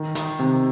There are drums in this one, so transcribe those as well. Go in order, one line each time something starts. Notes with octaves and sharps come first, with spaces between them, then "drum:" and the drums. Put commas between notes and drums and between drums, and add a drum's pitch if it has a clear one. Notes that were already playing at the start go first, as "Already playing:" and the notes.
Already playing: D#3
D#3, drum: hi-hat
C3